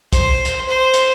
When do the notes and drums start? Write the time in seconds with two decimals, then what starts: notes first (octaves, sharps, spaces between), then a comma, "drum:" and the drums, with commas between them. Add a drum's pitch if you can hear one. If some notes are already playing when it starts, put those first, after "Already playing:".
0.13 C5, drum: kick, hi-hat
0.45 drum: hi-hat
0.69 C5
0.94 drum: hi-hat